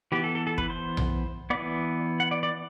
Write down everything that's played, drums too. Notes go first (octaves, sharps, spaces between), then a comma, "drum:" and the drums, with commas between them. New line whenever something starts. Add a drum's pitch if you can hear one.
E3 B3 G4
A4
A4
A4
B4, drum: kick
C5
drum: tom B1
E3 B3 D5
F#5
D5
D5